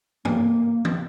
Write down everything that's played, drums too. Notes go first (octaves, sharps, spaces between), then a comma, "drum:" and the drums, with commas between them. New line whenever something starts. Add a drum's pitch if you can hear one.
A#3, drum: tom G2
drum: tom D#3